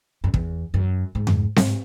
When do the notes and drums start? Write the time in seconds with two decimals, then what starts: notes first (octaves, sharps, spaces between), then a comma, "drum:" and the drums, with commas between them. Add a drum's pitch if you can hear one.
0.24 F#2
0.34 E2, drum: kick
0.74 F#2
1.15 G#2
1.27 drum: tom F2
1.56 G#2, drum: snare C4